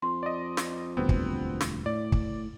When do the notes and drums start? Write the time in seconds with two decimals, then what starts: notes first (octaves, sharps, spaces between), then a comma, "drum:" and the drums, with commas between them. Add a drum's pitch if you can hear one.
0.02 F2 C6
0.23 D5 D#5
0.57 drum: snare
0.97 E1 D2 G3 B3 C4
1.09 drum: kick
1.61 drum: snare
1.86 A2 D5
2.12 drum: kick